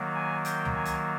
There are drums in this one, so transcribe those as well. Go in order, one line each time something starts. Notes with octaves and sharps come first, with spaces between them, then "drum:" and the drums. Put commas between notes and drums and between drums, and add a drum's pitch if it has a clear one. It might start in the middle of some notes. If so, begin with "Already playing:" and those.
Already playing: D#3 F#3 A#3
G#5
G5, drum: hi-hat
drum: tom C#2
G#5
drum: hi-hat